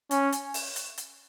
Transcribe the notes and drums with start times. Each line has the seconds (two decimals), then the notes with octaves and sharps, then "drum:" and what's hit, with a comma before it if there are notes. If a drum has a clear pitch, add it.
0.11 C#4, drum: hi-hat
0.32 drum: hi-hat
0.54 drum: open hi-hat
0.76 drum: hi-hat
0.98 drum: hi-hat